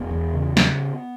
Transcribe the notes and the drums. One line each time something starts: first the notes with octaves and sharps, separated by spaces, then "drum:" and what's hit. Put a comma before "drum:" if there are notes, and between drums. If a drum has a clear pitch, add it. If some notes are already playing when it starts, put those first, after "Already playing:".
Already playing: E1 B3
E2
C#3
drum: snare